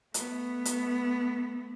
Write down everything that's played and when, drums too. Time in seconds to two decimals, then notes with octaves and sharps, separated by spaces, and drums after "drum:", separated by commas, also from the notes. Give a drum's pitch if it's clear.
0.14 A3 B3, drum: hi-hat
0.65 drum: hi-hat